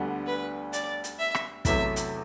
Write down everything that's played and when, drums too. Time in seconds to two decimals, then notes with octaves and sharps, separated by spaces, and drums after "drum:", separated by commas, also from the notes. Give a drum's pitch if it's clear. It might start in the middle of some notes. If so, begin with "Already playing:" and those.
Already playing: D2 D3 G3 B3
0.27 B4
0.73 D5, drum: hi-hat
1.04 drum: hi-hat
1.19 E5
1.35 drum: rim click
1.65 E2 C3 F#3 A3 E4 E5, drum: kick, hi-hat
1.96 drum: hi-hat